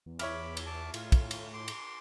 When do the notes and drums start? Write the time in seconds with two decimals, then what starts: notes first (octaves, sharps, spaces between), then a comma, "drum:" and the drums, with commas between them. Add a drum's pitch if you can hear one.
0.06 E2
0.19 E2 C#5 E5 B5 D6 F6, drum: cymbal
0.57 drum: cymbal
0.66 A5 D6
0.94 A2 F4, drum: cymbal
1.12 drum: kick, cymbal
1.31 drum: cymbal
1.53 C6 D6
1.68 drum: cymbal